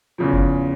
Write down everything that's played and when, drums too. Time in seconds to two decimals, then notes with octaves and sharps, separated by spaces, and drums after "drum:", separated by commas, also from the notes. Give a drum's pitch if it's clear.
0.18 E2 C#3 F3
0.33 drum: kick F#1